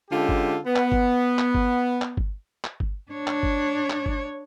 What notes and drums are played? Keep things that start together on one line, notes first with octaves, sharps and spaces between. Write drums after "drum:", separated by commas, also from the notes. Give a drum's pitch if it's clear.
D3 G#3 C#4 F4 G4 A4
drum: kick G1
B3
drum: clap
drum: kick G1
drum: clap
drum: kick G1
drum: clap
drum: kick G1
drum: clap
drum: kick G1
D4 C#5
drum: clap
drum: kick G1
drum: clap
drum: kick G1